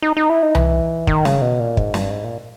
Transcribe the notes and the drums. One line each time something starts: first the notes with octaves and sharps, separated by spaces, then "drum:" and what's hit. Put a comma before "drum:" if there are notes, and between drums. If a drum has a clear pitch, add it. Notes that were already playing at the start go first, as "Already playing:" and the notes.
D#4
D#4
E4
D#4
E3, drum: tom C2
D#3, drum: kick
C#3, drum: snare
B2
A#2
G#2, drum: kick
G2, drum: snare
G#2
A#2